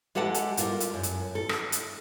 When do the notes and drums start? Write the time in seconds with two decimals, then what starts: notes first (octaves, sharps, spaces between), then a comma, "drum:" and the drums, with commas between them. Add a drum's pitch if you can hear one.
0.15 G#3 G4 A4 F#5 A5
0.34 drum: hi-hat
0.57 G3 F4 A#4, drum: hi-hat
0.80 drum: hi-hat
0.94 F#2
1.03 drum: hi-hat
1.35 A4
1.49 drum: rim click
1.72 drum: hi-hat